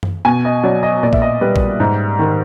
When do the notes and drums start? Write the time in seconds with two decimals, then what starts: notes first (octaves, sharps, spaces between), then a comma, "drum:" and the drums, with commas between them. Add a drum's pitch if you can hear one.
0.03 drum: tom F#2
0.25 B2 G#5
0.45 D#5
0.64 F#3 D5
0.83 D#5
1.03 A#2 D5
1.13 E5, drum: kick
1.22 D#5
1.41 G3 B4
1.56 drum: kick
1.80 G#2
2.19 D#3